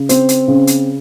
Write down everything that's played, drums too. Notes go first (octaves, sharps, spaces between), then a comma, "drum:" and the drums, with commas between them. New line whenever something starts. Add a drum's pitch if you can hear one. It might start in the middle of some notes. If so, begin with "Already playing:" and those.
Already playing: C#3
C4 C5, drum: hi-hat
drum: hi-hat
C#3
drum: hi-hat